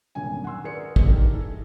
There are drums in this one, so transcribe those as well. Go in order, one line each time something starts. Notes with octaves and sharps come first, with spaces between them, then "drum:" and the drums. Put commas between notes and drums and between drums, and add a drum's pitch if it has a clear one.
D#1 G#1 F#2 A#2 D3 G#5
F#5 G#5 C6 E6
G#4 A#4 B4 D5 C#7
drum: kick
D4 D#4 G4 A4 A#4
E4 G#4 A4